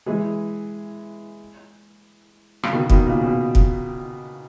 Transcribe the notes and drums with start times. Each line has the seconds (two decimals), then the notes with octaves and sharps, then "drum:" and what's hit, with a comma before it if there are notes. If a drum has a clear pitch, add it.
0.06 E3 G#3
2.63 C#3, drum: rim click
2.73 B2 D#3
2.90 B2 D#3, drum: kick
3.07 A#2 C#3
3.24 B2
3.55 drum: kick